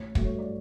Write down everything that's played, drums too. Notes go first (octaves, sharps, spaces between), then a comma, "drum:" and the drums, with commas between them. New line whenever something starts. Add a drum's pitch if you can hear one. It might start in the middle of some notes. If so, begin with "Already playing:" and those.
Already playing: A1 C#5
G2 F#3 A3, drum: kick
C#5
D5